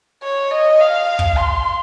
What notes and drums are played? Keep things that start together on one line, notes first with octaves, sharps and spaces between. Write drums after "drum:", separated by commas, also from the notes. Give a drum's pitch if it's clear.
C#5
D#5
F5
drum: kick
C6